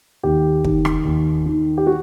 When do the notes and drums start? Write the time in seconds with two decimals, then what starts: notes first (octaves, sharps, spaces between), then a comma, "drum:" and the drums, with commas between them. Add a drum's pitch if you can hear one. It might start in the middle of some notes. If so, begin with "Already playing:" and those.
0.23 D#2 G4
0.65 D#3, drum: kick
0.85 drum: rim click
1.05 D#2
1.46 D#3
1.78 G4
1.87 F#4